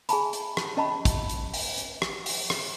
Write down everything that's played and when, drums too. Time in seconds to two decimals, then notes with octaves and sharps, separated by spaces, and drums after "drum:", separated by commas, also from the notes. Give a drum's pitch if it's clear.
0.09 G#4 G#5 A5 B5, drum: hi-hat
0.33 drum: hi-hat
0.57 drum: rim click
0.77 C#4 D#5 A5 B5
1.05 drum: kick, hi-hat
1.29 drum: hi-hat
1.54 drum: open hi-hat
1.78 drum: hi-hat
2.02 drum: rim click
2.26 drum: open hi-hat
2.50 drum: rim click